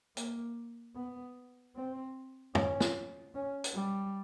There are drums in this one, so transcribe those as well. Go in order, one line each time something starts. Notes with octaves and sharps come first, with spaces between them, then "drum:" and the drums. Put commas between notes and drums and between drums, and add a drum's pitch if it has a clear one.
A#3, drum: hi-hat
B3
C4
C#4, drum: tom
drum: snare
C#4
drum: hi-hat
G3